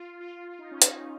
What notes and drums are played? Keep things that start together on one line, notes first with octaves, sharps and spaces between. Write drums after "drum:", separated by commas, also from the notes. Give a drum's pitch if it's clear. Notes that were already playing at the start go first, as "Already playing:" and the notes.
Already playing: F4
F4
F4
D#4
C#4
D#4, drum: hi-hat